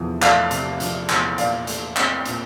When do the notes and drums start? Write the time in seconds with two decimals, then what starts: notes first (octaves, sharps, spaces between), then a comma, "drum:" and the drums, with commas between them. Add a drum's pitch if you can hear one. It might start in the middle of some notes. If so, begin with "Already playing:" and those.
Already playing: E2 C3 F3 A3
0.22 A3 D5 F5, drum: clap
0.51 C3, drum: hi-hat
0.80 F3, drum: hi-hat
1.09 E2, drum: clap
1.38 A#2 D5 F5, drum: hi-hat
1.67 A3, drum: hi-hat
1.96 C4, drum: clap
2.26 A#2, drum: hi-hat